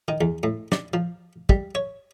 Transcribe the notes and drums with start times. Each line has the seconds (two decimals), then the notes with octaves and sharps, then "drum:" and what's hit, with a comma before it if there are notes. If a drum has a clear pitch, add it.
0.08 D#3
0.21 E2
0.43 A2
0.72 D5, drum: snare
0.94 F3
1.49 G3, drum: kick
1.75 C#5